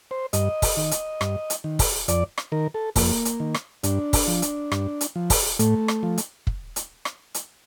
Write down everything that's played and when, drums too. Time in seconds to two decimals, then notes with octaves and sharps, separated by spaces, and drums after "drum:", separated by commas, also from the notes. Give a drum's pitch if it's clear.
0.11 C5
0.33 G2 D#5, drum: hi-hat
0.62 drum: kick, open hi-hat
0.77 D#3
0.91 drum: hi-hat
1.21 G2, drum: rim click
1.50 drum: hi-hat
1.64 D#3
1.79 drum: kick, open hi-hat
2.08 F2 D5, drum: hi-hat
2.38 drum: rim click
2.52 D#3 A#4
2.74 A4
2.96 F2 A#3, drum: kick, open hi-hat
3.25 drum: hi-hat
3.40 D#3
3.54 drum: rim click
3.83 G2 D4, drum: hi-hat
4.13 drum: kick, open hi-hat
4.28 F3
4.42 drum: hi-hat
4.72 G2, drum: rim click
5.01 drum: hi-hat
5.16 F3
5.30 drum: kick, open hi-hat
5.59 A2 A3, drum: hi-hat
5.88 drum: rim click
6.03 F3
6.18 drum: hi-hat
6.47 drum: kick
6.76 drum: hi-hat
7.05 drum: rim click
7.34 drum: hi-hat